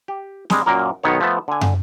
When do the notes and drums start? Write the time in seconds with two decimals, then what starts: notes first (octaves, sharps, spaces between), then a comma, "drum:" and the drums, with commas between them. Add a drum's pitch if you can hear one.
0.08 G4
0.50 G3 G#3 G#4, drum: snare
0.66 F#2 A#2 A#3 A#4
1.03 B1 D#3 B3 C#5
1.20 F3 A3 B3 A5
1.48 D3 G#5
1.61 drum: tom